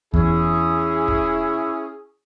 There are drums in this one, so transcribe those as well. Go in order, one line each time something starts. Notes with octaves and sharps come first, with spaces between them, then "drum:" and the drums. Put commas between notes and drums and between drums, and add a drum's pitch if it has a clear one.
E2 C#4 E4 G#4, drum: kick
drum: kick